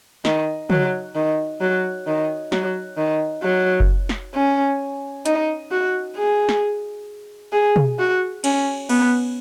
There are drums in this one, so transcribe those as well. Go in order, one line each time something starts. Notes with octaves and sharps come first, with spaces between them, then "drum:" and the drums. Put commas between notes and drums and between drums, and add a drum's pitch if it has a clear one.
D#3, drum: snare
F#3, drum: tom
D#3
F#3
D#3
F#3, drum: snare
D#3
F#3
drum: kick F#1
drum: snare
C#4
D#4, drum: hi-hat
F#4
G#4
drum: snare
G#4
drum: tom
F#4
C#4, drum: cymbal
B3, drum: cymbal